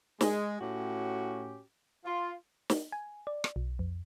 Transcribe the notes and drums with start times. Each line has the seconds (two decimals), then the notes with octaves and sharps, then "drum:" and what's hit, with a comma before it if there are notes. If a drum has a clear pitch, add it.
0.21 G#3, drum: snare
0.60 A2 C#4 F#4 G4
2.05 F4
2.70 drum: snare
2.92 G#5
3.27 D5
3.44 drum: rim click
3.56 B1
3.79 F2